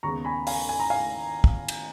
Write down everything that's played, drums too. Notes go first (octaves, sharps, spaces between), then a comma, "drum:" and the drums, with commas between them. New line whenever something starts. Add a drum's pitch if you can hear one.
D#2 C#3 G#3 B3 A#5 C#6
G#5 B5
F5 G#5, drum: open hi-hat
G#5
A#5
F5 G#5
drum: kick
drum: cymbal